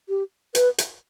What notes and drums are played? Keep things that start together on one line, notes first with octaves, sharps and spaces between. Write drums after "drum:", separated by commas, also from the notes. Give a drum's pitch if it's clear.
G4
B4, drum: hi-hat
drum: hi-hat